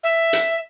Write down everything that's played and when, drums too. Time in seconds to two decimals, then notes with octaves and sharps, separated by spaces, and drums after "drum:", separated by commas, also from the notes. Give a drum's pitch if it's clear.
0.03 E5
0.33 drum: hi-hat